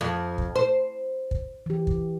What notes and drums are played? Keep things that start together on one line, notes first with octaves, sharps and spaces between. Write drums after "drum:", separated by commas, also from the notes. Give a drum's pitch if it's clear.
F2
drum: kick
C5
drum: kick
E3 G4
drum: kick